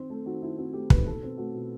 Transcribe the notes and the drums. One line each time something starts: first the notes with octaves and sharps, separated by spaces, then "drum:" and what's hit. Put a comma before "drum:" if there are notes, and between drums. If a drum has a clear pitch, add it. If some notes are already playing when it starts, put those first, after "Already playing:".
Already playing: D#3 C4 C5
A3 A4
D#3 F#4
D#3 E4
C4 F#4
A3 G4
D#3 B4, drum: kick
B2 A4
C4
A3 F#4
B2